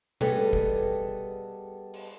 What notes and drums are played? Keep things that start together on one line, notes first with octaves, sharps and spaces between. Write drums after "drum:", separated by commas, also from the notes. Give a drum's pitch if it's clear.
G3 B3 G#4 A4 D#5, drum: tom B2
drum: kick
drum: open hi-hat